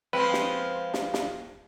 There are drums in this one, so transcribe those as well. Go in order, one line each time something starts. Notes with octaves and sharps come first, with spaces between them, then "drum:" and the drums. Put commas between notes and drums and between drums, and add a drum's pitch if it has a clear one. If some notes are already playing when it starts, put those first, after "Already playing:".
F3 G#3 C4 B4
drum: snare
drum: snare
drum: snare